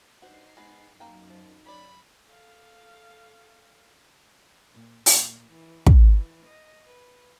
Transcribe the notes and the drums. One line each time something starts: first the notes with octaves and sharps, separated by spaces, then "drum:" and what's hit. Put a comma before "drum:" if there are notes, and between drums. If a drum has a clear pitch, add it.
G2 D#4 F#4 C5 C7
G#2 G#3 B3
F#2 A#3 D#4 G5
F3
C#5 D5 B5
A4 F5
A#2
A#2, drum: open hi-hat
E3
drum: kick
E3
D#5
B4